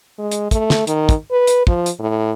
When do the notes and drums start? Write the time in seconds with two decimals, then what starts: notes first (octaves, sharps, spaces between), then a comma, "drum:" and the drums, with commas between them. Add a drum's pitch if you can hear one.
0.19 G#3
0.31 drum: hi-hat
0.51 A3, drum: kick, hi-hat
0.70 drum: snare
0.87 D#3, drum: hi-hat
1.09 drum: kick, hi-hat
1.31 B4
1.47 drum: hi-hat
1.67 F3, drum: kick
1.86 drum: hi-hat
1.99 A2